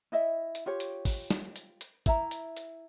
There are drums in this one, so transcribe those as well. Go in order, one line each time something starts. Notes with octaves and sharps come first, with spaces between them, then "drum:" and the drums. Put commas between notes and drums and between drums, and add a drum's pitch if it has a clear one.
E4 D#5 E5
drum: hi-hat
F4 G4 C#5
drum: hi-hat
drum: kick, open hi-hat
drum: snare
drum: hi-hat
drum: hi-hat
E4 E5 A#5, drum: kick, hi-hat
drum: hi-hat
drum: hi-hat